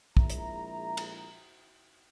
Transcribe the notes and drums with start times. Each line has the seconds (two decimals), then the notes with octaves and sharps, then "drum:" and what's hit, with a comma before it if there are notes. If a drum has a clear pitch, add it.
0.17 A#1 G#3 E4 E5 A#5, drum: kick
0.30 drum: hi-hat
0.97 drum: cymbal